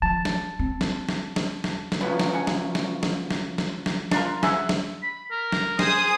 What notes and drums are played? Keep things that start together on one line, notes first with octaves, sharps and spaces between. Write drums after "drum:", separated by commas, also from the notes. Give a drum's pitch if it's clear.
F3 A5
drum: snare
C4
drum: snare
drum: snare
drum: snare
drum: snare
drum: snare
C#3 F3 F#3 B3
drum: snare
F#5 G#5
drum: snare
drum: snare
drum: snare
drum: snare
drum: snare
drum: snare
D4 F4 A#4, drum: snare
G#4 E5 F#5, drum: snare
drum: snare
B5
A#4
drum: snare
G#4 C5 D#6, drum: snare